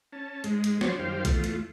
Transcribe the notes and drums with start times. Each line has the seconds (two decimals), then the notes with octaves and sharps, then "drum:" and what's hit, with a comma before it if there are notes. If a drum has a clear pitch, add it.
0.13 C#4 A5
0.44 G#2 G#3, drum: hi-hat
0.64 drum: hi-hat
0.81 F3 F#3 B3 D4 C5 C#5, drum: snare
0.99 F#2 D#3 G3 C5 F5 G5
1.25 E2 A3 F4, drum: kick, hi-hat
1.44 drum: hi-hat